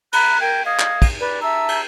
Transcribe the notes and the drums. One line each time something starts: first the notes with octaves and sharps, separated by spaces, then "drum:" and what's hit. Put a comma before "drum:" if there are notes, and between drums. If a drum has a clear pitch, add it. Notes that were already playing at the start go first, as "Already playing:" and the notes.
A#5 B5 F#6, drum: cymbal
A#4 G5 G6 G#6
D#5 F5 D#6 G#6
drum: clap
drum: kick, cymbal
B4 D5
E5 A5 A#5 E6
drum: cymbal